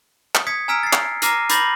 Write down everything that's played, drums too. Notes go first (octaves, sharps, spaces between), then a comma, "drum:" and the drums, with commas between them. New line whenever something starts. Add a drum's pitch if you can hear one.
drum: clap
D#6 G#6 B6 C#7
G#5 A#5 E6 F6 B6 D7
A6 C7
drum: clap
A#5 D6 F6 A#6 C7 D#7, drum: hi-hat
B5 D6 G6 A6 A#6 F#7, drum: hi-hat